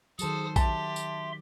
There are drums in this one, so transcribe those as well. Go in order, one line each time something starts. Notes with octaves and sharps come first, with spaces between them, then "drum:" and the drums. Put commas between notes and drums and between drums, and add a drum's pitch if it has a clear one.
D#3 F#3 G#4 A4 C5 D#6, drum: tambourine
G4 E5 A5 C6, drum: kick, tambourine
drum: tambourine